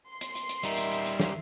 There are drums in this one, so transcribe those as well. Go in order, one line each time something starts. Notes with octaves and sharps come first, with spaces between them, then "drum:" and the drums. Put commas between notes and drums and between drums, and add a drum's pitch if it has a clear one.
C6
drum: hi-hat
drum: hi-hat
drum: hi-hat
G3 D#4 A#4 E5, drum: hi-hat
drum: hi-hat
drum: hi-hat
drum: hi-hat
drum: snare